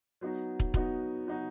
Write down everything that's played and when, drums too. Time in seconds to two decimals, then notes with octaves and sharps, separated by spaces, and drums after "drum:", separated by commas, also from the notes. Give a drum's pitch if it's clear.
0.21 F#3 B3 D#4 F#4
0.60 drum: kick
0.74 F#3 B3 D#4 F#4, drum: kick
1.27 F#3 B3 D#4 F#4